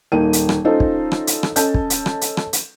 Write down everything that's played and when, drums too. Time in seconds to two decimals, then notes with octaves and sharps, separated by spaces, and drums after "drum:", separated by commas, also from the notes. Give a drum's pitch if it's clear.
0.12 D#1 A#3 D#4 G5 D#7
0.33 drum: hi-hat
0.49 drum: rim click
0.64 C#4 D#4 F4 A4 C5 D#5
0.80 drum: kick
1.12 drum: rim click
1.27 drum: hi-hat
1.43 drum: rim click
1.56 C#4 A4 D#5 A5 G6, drum: hi-hat
1.74 drum: kick
1.90 drum: hi-hat
2.06 drum: rim click
2.21 drum: hi-hat
2.37 drum: rim click
2.53 drum: hi-hat